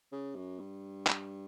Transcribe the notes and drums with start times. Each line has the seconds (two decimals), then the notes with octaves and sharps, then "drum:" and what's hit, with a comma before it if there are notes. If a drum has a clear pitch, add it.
0.12 C#3
0.36 F#2
0.59 G2
1.07 drum: clap